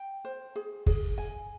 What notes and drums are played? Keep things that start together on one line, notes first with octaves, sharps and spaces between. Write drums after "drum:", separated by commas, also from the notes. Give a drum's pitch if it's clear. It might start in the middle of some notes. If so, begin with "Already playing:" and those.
Already playing: G5
C5
G#4
G#4, drum: kick
G#5